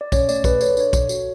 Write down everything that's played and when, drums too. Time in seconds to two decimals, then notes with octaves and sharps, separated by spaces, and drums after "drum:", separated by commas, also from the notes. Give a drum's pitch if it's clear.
0.01 D5
0.12 C#4 C#5, drum: kick B1, tambourine
0.29 A3 D5, drum: tambourine
0.44 G#4 B4, drum: kick B1, tambourine
0.61 A4 C#5, drum: tambourine
0.71 D5
0.77 D4 C#5, drum: tambourine
0.93 A4, drum: kick B1, tambourine
1.09 F#4, drum: tambourine